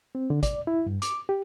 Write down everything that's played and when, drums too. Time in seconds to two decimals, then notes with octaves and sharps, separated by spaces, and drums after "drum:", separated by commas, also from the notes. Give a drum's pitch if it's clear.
0.15 C4
0.30 D3
0.43 D5, drum: kick, hi-hat
0.67 E4
0.86 G2
1.02 D6, drum: hi-hat
1.29 G4